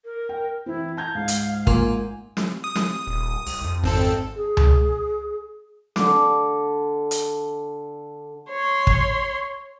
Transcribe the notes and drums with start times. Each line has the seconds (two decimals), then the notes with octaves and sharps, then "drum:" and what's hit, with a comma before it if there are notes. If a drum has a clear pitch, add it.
0.05 A#4
0.29 G5
0.66 E3 C4 E4
0.97 A5 A#5 G6 G#6
1.15 C#2 G#2 F5
1.28 drum: hi-hat
1.67 A#3 F4 G#5, drum: kick
2.37 drum: snare
2.64 D#6
2.75 drum: snare
3.07 D#1
3.47 C2, drum: open hi-hat
3.64 F2
3.83 G#1 C4 A4
4.36 G#4
4.57 drum: tom C#2
5.96 D3 D6, drum: snare
7.11 drum: hi-hat
8.50 C#5 C6
8.87 drum: kick